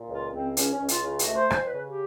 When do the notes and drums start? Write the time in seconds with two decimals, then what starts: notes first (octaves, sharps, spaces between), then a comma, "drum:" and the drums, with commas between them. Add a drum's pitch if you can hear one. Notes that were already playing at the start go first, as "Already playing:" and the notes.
Already playing: A#2
0.09 C#2 F4
0.33 C#2 C4
0.57 C#2 C#4, drum: hi-hat
0.72 C#4
0.80 C#2
0.88 F4, drum: hi-hat
1.03 C#3 F4
1.19 F#4, drum: hi-hat
1.27 A3
1.35 C5
1.50 F2 C5, drum: rim click
1.66 B4
1.74 C#3
1.82 G4